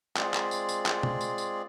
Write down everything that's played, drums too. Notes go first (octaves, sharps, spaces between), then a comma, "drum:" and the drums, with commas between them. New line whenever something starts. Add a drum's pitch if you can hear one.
G#3 C4 F4 G#4 D5, drum: clap
drum: clap
drum: tambourine
drum: tambourine
drum: clap
drum: tom B2
drum: tambourine
drum: tambourine